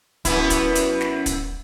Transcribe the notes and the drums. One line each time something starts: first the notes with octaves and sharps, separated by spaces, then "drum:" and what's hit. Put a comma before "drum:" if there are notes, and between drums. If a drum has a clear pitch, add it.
F#2 B3 E4, drum: kick, hi-hat
drum: kick, hi-hat
drum: hi-hat
drum: snare
drum: kick, hi-hat